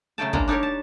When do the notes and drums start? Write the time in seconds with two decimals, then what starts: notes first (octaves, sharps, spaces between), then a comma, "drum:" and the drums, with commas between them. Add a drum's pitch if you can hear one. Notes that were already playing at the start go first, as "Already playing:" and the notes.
0.18 C#3 F#3 A3 G5 A5
0.33 G3 G#3 A#3 D4 A#5, drum: kick
0.48 D4 D#4 G4 A#4 C#5
0.63 A5